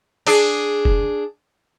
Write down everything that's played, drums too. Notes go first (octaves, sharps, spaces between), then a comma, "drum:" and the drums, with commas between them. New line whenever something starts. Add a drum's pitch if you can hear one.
D4 G#4, drum: open hi-hat
drum: kick F#1